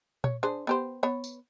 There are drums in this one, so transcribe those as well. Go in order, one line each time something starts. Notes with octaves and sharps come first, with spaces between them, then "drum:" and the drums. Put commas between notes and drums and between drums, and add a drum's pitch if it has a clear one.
C#5, drum: tom A#2
D4 G#4 C5
B3 G4 C5
B3 C#5
drum: tambourine